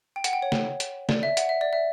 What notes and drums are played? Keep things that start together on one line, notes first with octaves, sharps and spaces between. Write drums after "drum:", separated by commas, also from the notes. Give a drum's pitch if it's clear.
G5
F#5, drum: hi-hat
G5
C#5
drum: snare
drum: hi-hat
D5, drum: snare
E5
F#5, drum: hi-hat
E5
D5
E5